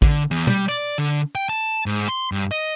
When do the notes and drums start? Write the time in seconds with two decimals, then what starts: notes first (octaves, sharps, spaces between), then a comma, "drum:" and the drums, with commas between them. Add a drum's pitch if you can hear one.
0.02 D3, drum: kick A1
0.31 E2
0.47 G3, drum: tom B2
0.69 D5
0.98 D3
1.35 G5
1.49 A5
1.86 G#2
2.08 C6
2.32 G2
2.51 D#5